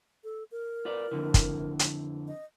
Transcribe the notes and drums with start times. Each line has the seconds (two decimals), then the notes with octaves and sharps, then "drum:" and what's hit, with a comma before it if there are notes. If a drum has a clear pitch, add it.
0.24 A4
0.51 A#4
0.85 F4 B4 D5
1.11 F2 D3 E3
1.34 drum: kick, hi-hat
1.79 drum: hi-hat
2.28 D#5